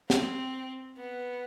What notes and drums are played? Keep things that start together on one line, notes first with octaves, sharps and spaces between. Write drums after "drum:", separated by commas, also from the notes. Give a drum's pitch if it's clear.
C4, drum: snare
B3